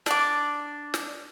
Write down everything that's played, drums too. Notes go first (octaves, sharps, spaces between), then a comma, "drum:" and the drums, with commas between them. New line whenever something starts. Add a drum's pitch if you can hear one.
D4 D6, drum: snare
drum: snare